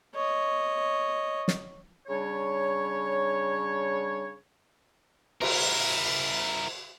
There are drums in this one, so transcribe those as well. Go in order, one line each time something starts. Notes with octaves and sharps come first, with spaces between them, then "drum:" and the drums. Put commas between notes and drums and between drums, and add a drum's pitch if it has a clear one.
C#5 D#5
drum: snare
C#3 G3 D4 C#5
E4 A#4, drum: cymbal